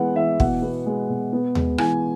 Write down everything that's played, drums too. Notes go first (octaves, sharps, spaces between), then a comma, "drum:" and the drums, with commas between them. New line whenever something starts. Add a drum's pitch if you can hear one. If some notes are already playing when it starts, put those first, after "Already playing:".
Already playing: E3 G#3 B3 F#5
E3 E5
B2 F#5, drum: kick
B3
G#3
B2
B3
G#3, drum: tom D#2
E3 G#5, drum: rim click